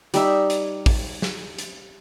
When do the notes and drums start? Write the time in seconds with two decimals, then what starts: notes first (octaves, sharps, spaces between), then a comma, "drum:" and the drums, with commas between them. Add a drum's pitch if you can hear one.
0.14 G3 D#4 E5, drum: hi-hat
0.50 drum: hi-hat
0.86 drum: kick, open hi-hat
1.22 drum: snare
1.59 drum: hi-hat